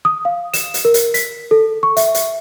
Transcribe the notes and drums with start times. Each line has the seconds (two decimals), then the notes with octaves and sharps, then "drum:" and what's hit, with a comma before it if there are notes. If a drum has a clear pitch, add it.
0.05 D#6
0.25 F5
0.54 E7, drum: hi-hat
0.74 drum: hi-hat
0.85 A#4
0.94 drum: hi-hat
1.14 B6, drum: hi-hat
1.51 A4
1.83 C#6
1.97 E5, drum: hi-hat
2.15 drum: hi-hat